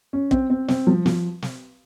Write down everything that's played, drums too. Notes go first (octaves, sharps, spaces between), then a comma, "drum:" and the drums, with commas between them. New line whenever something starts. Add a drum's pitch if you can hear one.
C#4
C4, drum: kick
C4
C4, drum: snare
F3
F3, drum: snare
drum: snare